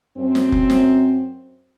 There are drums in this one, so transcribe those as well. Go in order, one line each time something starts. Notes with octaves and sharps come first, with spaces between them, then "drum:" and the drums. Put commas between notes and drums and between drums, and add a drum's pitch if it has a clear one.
F#2 C4
drum: snare
drum: kick F1
drum: snare